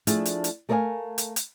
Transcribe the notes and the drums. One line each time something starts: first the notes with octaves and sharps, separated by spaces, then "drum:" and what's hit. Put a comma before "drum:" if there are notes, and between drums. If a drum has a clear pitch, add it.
F3 A3 D4 E4 G#4 A4, drum: hi-hat
drum: hi-hat
drum: hi-hat
A3 A#4 C#5 D5 F5 G#5
drum: hi-hat
drum: hi-hat